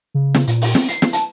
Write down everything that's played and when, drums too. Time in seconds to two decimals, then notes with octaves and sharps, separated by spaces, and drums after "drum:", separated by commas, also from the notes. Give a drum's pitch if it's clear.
0.14 C#3
0.35 drum: snare
0.47 A#2, drum: hi-hat
0.62 drum: open hi-hat
0.75 C4, drum: snare
0.89 C7, drum: hi-hat
1.02 drum: snare
1.13 A5, drum: hi-hat